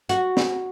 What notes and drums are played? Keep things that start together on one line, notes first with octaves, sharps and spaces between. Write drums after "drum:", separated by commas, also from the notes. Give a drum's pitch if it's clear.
F#4, drum: hi-hat
drum: snare